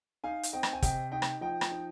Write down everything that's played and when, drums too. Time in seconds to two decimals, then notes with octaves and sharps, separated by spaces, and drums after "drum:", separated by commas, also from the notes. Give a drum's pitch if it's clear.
0.24 D#4 F5 G#5
0.43 drum: hi-hat
0.53 C4 D#5 G5
0.63 drum: rim click
0.73 G#5
0.82 C3 D#5 G5, drum: kick, hi-hat
1.12 D#4 D#5 G5
1.22 drum: rim click
1.41 F3 D#5 G5
1.61 drum: rim click
1.71 D#4